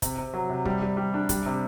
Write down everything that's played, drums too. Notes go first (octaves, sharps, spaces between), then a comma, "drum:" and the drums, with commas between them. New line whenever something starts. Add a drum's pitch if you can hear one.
C3, drum: kick, hi-hat
C3
F#3
C3
G3, drum: kick
G3
G3
D4
G3, drum: kick, hi-hat
C3